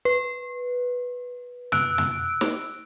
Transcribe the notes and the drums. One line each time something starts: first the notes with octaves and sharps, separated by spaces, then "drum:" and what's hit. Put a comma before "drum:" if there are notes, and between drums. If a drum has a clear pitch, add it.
B4
E6 F#6 D7, drum: tom
drum: tom
drum: snare